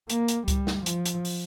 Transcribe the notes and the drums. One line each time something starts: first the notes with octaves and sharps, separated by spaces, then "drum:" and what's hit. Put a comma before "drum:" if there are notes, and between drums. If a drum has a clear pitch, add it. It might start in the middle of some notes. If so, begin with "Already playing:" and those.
A#3, drum: hi-hat
drum: hi-hat
G3, drum: kick C#2, hi-hat
drum: snare
F3, drum: hi-hat
drum: hi-hat
drum: open hi-hat